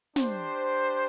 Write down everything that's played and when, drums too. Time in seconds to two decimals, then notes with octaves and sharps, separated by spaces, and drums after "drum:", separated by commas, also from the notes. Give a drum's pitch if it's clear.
0.16 D4 G4 C5, drum: snare